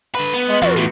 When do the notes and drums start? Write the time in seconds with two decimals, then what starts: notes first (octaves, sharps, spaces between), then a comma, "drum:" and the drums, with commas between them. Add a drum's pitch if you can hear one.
0.15 D3 B4
0.34 B3
0.49 G#3
0.62 F2 B3 F4 F#4, drum: tom
0.76 E2 A2